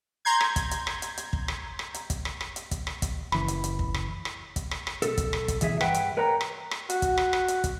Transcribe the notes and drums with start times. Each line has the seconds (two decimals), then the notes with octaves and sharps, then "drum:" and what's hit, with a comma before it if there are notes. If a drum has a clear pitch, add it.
0.25 A#5 C6 G6 G#6
0.41 drum: rim click
0.56 drum: kick, hi-hat
0.71 drum: hi-hat
0.87 drum: rim click
1.02 drum: hi-hat
1.17 drum: hi-hat
1.33 drum: kick
1.48 drum: rim click
1.79 drum: rim click
1.94 drum: hi-hat
2.10 drum: kick, hi-hat
2.25 drum: rim click
2.41 drum: rim click
2.56 drum: hi-hat
2.71 drum: kick, hi-hat
2.87 drum: rim click
3.02 drum: kick, hi-hat
3.32 F#1 E3 B5, drum: rim click
3.48 drum: hi-hat
3.64 drum: hi-hat
3.79 drum: kick
3.94 drum: rim click
4.25 drum: rim click
4.56 drum: kick, hi-hat
4.71 drum: rim click
4.87 drum: rim click
5.02 B1 A4, drum: hi-hat
5.17 drum: kick, hi-hat
5.33 drum: rim click
5.48 drum: kick, hi-hat
5.61 B1 E3 G#4 E5, drum: hi-hat
5.81 G2 B4 E5 F#5 G5 B5, drum: rim click
5.94 drum: hi-hat
6.17 A#4 B4 C#5 G5 A#5
6.41 drum: rim click
6.71 drum: rim click
6.90 F#4, drum: hi-hat
7.02 drum: kick, hi-hat
7.18 drum: rim click
7.33 drum: rim click
7.48 drum: hi-hat
7.64 drum: kick, hi-hat